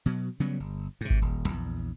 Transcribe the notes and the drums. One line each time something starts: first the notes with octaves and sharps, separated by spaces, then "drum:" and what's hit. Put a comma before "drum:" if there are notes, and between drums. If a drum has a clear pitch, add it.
B2 F#3
C#3 F#3 G3 B3
G1
G#2 C3
drum: kick G#1
D#1
A#1 E2